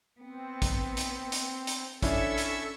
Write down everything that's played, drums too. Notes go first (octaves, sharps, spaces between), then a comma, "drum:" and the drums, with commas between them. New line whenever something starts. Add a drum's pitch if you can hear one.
B3 C4
drum: kick, hi-hat
drum: hi-hat
drum: hi-hat
drum: hi-hat
C#4 D4 E4 A4 E5 C#6 E6, drum: kick, hi-hat
drum: hi-hat